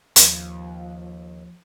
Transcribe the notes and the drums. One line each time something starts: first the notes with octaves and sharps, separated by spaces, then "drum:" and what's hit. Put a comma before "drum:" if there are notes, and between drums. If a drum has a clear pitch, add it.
D#2 F3, drum: hi-hat